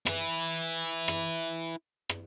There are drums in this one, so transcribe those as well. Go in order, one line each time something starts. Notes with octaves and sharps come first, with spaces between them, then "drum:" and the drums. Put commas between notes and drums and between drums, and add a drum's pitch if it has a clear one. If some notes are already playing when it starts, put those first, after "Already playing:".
E4 B4, drum: rim click
drum: rim click
drum: rim click